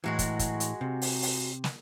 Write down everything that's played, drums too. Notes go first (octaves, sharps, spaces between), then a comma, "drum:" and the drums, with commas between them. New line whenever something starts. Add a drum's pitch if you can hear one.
A2 E3 F#3 G#3 F#4
drum: kick, hi-hat
drum: kick, hi-hat
drum: hi-hat
C3
drum: open hi-hat
drum: open hi-hat
drum: snare